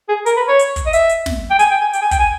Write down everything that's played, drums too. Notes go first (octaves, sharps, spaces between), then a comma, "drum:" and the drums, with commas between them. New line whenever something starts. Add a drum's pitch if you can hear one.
G#4
A#4, drum: hi-hat
B4
C#5
drum: hi-hat
drum: kick, hi-hat
D#5
E5, drum: hi-hat
drum: hi-hat
drum: snare
G5
G#5, drum: hi-hat
G5
G#5
G5, drum: hi-hat
G#5
G5, drum: kick, hi-hat
G#5